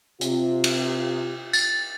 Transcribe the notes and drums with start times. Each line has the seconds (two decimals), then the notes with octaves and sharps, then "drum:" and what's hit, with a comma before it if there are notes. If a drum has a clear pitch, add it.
0.21 C3 F4, drum: hi-hat
0.64 drum: cymbal
1.53 A6, drum: tambourine